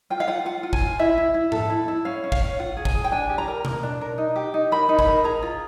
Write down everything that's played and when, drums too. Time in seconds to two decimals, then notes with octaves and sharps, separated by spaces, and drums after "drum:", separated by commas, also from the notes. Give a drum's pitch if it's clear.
0.10 F4 G5
0.20 F5
0.28 F4 F#5
0.46 F4 F#5
0.63 F4
0.73 G#5, drum: kick
0.81 F4
0.99 E4 E5
1.18 E4
1.34 E4
1.52 A4, drum: tom G#2
1.70 E4
1.88 E4
2.05 C#4 F5
2.24 C#4
2.32 F5, drum: kick
2.41 C#4
2.59 F4 F#5
2.77 G#4
2.85 G#5, drum: kick
2.95 G#4
3.04 G5
3.12 D4 G#5
3.29 G4
3.38 A#5
3.48 A#4
3.65 A#4, drum: tom B2
3.83 D4
4.01 A#4
4.18 D#4
4.36 G4
4.54 D#4
4.72 A#4 B5
4.89 D#4
4.99 B5, drum: kick
5.07 A#4
5.24 G#4 A#5
5.42 F4